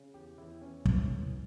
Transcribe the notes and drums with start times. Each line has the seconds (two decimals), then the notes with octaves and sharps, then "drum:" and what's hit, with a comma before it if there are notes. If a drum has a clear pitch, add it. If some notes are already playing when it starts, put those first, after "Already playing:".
Already playing: C#3
0.14 E2 G4
0.38 E2 E4
0.61 E3 C#4
0.85 E3, drum: kick
1.08 A2